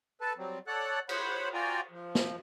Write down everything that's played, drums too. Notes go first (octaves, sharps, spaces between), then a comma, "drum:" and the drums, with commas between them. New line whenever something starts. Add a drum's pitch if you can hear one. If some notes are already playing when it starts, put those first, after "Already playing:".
A4 B4 A5
F#3 G3 C4
A4 C#5 D5 F#5 F#6
C5 C#5 F#5 B5, drum: cymbal
F4 F#4 D5 G5 G#5 A#5
F3
drum: snare